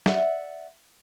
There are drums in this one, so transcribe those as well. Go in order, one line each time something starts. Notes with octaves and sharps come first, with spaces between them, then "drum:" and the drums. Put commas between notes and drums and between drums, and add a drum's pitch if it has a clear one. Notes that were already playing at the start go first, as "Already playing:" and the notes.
D5 E5 F#5, drum: snare